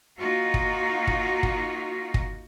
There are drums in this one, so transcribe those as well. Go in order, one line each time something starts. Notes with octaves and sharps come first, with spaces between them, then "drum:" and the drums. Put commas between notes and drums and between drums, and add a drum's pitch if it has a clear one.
A#3 D#4 F4 F#4
drum: kick
drum: kick
drum: kick
drum: kick